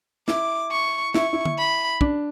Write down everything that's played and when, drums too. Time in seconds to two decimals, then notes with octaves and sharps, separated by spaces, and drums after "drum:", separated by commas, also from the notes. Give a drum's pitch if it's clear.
0.28 E4 D6, drum: snare
0.72 C#6
1.14 E4 C#6, drum: snare
1.33 E4
1.45 drum: tom D3
1.58 B5
2.01 D4, drum: kick